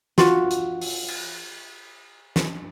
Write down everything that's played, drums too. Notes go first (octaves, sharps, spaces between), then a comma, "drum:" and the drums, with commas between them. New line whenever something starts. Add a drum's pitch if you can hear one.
F4 F#4, drum: snare
drum: hi-hat
drum: open hi-hat
drum: cymbal
drum: snare